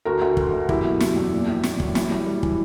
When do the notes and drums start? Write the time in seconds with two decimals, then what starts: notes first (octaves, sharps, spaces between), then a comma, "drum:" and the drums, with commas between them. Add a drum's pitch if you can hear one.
0.05 D2 F#4 A#4
0.21 D2
0.37 D3, drum: kick
0.53 D3
0.69 F#1 E4 G4, drum: kick
0.84 B2
1.00 F#1, drum: snare
1.16 E2
1.32 A#2
1.47 A#1
1.64 A#2, drum: snare
1.80 F#3, drum: kick
1.95 E3, drum: snare
2.11 G3
2.27 G3
2.43 E3, drum: kick